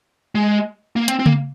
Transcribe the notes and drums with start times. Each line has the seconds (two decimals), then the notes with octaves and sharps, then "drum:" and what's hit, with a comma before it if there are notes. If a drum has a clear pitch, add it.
0.35 G#3
0.96 A#3
1.08 C4, drum: hi-hat
1.20 C4
1.26 A#3, drum: tom C#3